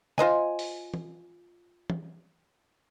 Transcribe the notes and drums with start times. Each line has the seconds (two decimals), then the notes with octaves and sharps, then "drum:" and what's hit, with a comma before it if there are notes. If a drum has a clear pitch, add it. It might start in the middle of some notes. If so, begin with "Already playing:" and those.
0.18 F4 C5 D#5 G#5, drum: snare
0.59 drum: open hi-hat
0.94 drum: tom
1.90 drum: tom